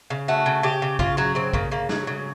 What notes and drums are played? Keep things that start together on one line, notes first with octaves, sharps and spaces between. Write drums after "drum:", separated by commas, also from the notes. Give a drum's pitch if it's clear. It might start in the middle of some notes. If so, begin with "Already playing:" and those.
C#3
A3 F#4
C#3
C#3 G4
C#3
C#3 F4, drum: kick A#1
F#3 F#4
C#3 C4
C#3 A#3, drum: kick A#1
C#3 A#3
F#3, drum: snare G#4
C#3